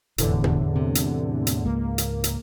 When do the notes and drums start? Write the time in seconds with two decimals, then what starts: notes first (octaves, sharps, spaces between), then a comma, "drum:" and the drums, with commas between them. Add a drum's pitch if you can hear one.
0.18 F1 E2 A2 D3, drum: hi-hat
0.44 drum: tom
0.76 C3
0.95 drum: hi-hat
1.47 drum: hi-hat
1.65 C#2 G#2 A#3
1.98 drum: hi-hat
2.24 drum: hi-hat